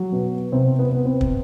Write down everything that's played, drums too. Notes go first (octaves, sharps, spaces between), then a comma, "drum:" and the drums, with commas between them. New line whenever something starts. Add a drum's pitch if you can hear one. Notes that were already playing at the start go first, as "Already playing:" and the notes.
Already playing: F#3
B2
C3 C4
B3
B3
C4
drum: kick